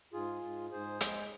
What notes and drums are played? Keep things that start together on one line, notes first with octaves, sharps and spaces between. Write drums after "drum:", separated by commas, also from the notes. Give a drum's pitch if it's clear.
G#2 F4 G#4
G#2
G#2 G#4 C5
G#3, drum: hi-hat